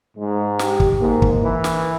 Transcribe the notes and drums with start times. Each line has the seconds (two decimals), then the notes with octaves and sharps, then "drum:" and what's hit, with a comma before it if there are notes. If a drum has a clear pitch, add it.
0.17 G#2 G#3
0.59 G4, drum: snare
0.80 drum: kick
1.00 G#2 A#3
1.22 drum: kick
1.42 E3
1.64 drum: snare